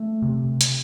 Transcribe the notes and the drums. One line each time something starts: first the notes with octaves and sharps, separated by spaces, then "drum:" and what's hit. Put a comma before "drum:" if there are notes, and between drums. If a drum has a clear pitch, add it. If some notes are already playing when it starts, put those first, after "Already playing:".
Already playing: A3
C3
drum: hi-hat